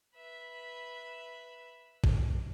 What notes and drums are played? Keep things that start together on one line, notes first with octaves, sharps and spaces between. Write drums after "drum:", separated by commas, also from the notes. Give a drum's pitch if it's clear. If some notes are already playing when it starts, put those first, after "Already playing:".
B4 E5
drum: kick